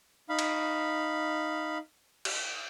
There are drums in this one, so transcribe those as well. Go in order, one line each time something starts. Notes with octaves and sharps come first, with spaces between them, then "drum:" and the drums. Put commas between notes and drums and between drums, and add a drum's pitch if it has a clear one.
D#4 F5 B5
drum: cymbal
drum: cymbal